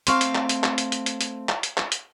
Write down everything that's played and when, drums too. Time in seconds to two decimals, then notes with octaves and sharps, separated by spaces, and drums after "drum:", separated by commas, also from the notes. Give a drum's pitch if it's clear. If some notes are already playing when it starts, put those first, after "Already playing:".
0.07 A3 C4 F5 C6 C#6 F6, drum: hi-hat
0.21 drum: hi-hat
0.35 drum: clap
0.49 drum: hi-hat
0.64 drum: clap
0.78 drum: hi-hat
0.92 drum: hi-hat
1.06 drum: hi-hat
1.21 drum: hi-hat
1.49 drum: clap
1.63 drum: hi-hat
1.78 drum: clap
1.92 drum: hi-hat